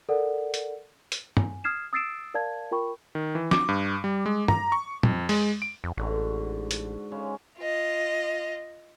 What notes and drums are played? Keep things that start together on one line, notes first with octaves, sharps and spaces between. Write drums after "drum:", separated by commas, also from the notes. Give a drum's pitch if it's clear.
A4 A#4 D5 F#5
drum: hi-hat
drum: hi-hat
G#5, drum: tom G2
D#6 F6 G#6 C7 E7
D#6 E6 A6 C7 D7 E7
A#4 D5 F5 A5 G#6
F4 A#4 G5 B5 C#6
D#3
E3
D6, drum: snare
G2
G3
G#3
A#5, drum: tom G2
C#6
F2, drum: tom
G#3, drum: open hi-hat
D7
F2
A1 G#2 D3 F#4
drum: hi-hat
C#3 G#3 C#4
F4 D#5